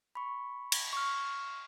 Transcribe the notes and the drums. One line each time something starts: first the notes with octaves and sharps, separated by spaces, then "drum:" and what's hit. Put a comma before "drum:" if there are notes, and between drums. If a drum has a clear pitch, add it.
B5 C#6
drum: cymbal
C#6 F6